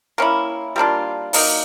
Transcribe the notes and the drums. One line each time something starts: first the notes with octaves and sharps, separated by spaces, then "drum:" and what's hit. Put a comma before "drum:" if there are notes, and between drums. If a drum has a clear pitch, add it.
A#3 C#4 E4
G3 A#3 D4 F4
F#3 A#3 D#4, drum: open hi-hat